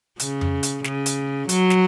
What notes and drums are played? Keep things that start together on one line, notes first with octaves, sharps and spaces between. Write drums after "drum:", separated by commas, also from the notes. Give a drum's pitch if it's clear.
C#3, drum: hi-hat
drum: tom F2
drum: hi-hat
C#3, drum: snare
drum: hi-hat
F#3, drum: hi-hat
drum: snare